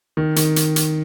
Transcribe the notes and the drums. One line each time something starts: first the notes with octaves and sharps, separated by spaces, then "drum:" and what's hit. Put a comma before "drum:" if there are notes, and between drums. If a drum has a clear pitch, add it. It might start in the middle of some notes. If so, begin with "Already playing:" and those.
D#3
D#3, drum: hi-hat
drum: hi-hat
drum: hi-hat